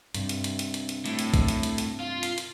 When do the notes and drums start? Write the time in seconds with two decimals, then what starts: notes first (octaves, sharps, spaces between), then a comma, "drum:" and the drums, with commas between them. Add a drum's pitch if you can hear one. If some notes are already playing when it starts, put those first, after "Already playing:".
0.15 G2 C3, drum: hi-hat
0.29 drum: hi-hat
0.44 drum: hi-hat
0.59 drum: hi-hat
0.74 drum: hi-hat
0.89 drum: hi-hat
1.06 A2, drum: hi-hat
1.19 drum: hi-hat
1.34 drum: kick, hi-hat
1.48 drum: hi-hat
1.63 drum: hi-hat
1.78 drum: hi-hat
2.00 F4
2.23 drum: hi-hat
2.38 drum: hi-hat